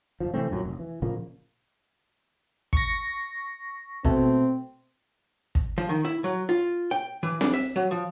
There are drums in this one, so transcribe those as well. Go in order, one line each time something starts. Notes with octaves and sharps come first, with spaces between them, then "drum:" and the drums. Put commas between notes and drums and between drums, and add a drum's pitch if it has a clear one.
F#1 C2 F3
C3 E3 A3 C4
B1 F#2 A#2 F#3
F1
E3
A#2 C#3 F3 A#3
C#6 A#6, drum: kick
B2 A3 C4, drum: kick
drum: kick
F3
D#3
E4
F#3
F4
G5
E3
D4, drum: snare C4
E5
F#3
F3